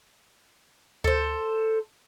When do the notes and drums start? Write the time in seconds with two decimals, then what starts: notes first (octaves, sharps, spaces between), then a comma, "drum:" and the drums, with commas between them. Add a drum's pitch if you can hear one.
1.04 A4 C5, drum: tom D2